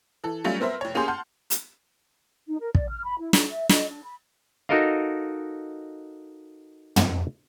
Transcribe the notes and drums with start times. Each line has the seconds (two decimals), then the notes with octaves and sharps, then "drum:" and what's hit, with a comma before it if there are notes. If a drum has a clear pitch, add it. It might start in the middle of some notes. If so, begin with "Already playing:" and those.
0.24 E3 A4
0.44 F#3 G3 A3 C#4 F4
0.60 B3 C4 A#4 C5 E5
0.81 F1 C#5
0.94 A#3 C#4 G4 G#4 C6 G6
1.08 F#5 A5 C6 F6 G6
1.50 drum: hi-hat
2.47 D#4
2.60 A#4
2.75 D5, drum: kick
2.89 F6
3.04 B5
3.19 E4
3.33 D#4, drum: snare
3.49 E5
3.69 D#5, drum: snare
3.89 D4
4.04 B5
4.69 D#4 F#4 A4 A#4 D#5 F5
6.96 drum: tom